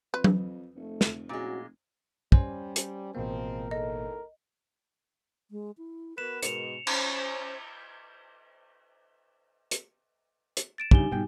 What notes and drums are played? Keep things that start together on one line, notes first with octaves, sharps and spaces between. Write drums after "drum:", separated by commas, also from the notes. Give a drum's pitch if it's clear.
F2 B4
drum: tom F#3
F1 F2 A3
drum: snare
A#2 G#3 C#4 E4 F#4
G3 C#4 C5 G#5, drum: kick
drum: hi-hat
A1 B2 F3 G#3 A#3 C4 A#4
E2 G#2 A4 D#5
G#3
E4
B3 F#4 A#4 B4 E7
G#2 B2 C#7 F7, drum: hi-hat
C#4 C5, drum: cymbal
drum: hi-hat
drum: hi-hat
A6 D7 E7
G2 C#3 G3 D#4 G4 G#5 G7, drum: kick
G#2 B2 G3 G5